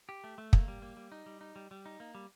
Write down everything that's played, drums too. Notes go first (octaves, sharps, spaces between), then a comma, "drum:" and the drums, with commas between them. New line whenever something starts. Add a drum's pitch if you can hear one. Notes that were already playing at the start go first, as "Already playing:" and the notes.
G4
A3
A3
A#3, drum: kick
G3
A#3
G3
D#4
G3
D#4
G3
G3
D#4
A#3
G3